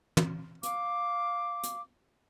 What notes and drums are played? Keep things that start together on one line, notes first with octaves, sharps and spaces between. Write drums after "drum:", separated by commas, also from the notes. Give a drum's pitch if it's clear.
drum: tom
F5 D6, drum: hi-hat
drum: hi-hat